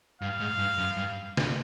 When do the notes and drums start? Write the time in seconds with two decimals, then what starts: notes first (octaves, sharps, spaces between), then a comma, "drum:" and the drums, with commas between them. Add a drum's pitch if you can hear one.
0.22 G2 F5
0.40 G#2
0.59 G2
0.78 F#2
0.97 G2
1.37 drum: snare